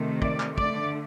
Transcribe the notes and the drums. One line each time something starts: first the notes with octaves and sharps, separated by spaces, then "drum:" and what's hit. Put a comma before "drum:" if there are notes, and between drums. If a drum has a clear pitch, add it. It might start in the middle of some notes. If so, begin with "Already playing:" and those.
Already playing: C3 D#3 A3
D5, drum: kick
drum: clap
D3 A3 D5, drum: kick